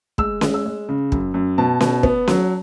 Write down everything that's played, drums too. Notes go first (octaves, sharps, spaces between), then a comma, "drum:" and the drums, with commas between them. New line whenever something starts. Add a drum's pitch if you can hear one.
G#3 E6, drum: kick
G#3, drum: snare C#4
E6
G#3
C#3
F#2, drum: kick
F#2
B2 A5
B2, drum: snare C#4
B3, drum: kick
F#3, drum: snare C#4